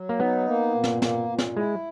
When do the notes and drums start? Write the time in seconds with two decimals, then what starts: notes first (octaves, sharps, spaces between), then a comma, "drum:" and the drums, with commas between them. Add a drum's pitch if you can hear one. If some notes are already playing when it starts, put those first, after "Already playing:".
Already playing: F#3
0.09 A#3
0.20 B3 D#4
0.47 A#3
0.74 A#2
0.84 drum: snare
1.02 A#3, drum: snare
1.29 A#2
1.38 drum: snare
1.56 G#3 E4